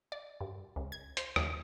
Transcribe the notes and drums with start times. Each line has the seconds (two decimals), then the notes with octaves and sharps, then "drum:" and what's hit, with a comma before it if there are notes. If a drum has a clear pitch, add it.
0.12 D5
0.41 G2
0.76 C#2
0.92 G#6
1.17 C5, drum: hi-hat
1.36 D#2, drum: rim click